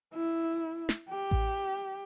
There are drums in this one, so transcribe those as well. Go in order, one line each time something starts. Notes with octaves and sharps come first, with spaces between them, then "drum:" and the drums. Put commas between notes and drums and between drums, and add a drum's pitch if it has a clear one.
E4
drum: snare
G4
drum: kick A1